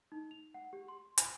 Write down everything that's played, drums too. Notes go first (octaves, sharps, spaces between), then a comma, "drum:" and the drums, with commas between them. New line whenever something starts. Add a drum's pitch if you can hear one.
D#4
F7
F#5
G4
C6
G#5, drum: hi-hat